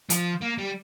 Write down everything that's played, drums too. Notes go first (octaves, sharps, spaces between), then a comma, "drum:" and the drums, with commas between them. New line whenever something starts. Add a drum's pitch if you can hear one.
F3, drum: hi-hat
A#3
G3